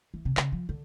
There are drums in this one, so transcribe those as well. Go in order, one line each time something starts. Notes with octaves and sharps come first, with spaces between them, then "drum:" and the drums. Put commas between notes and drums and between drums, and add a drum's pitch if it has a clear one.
E3
C3
C#3, drum: clap
F3
D3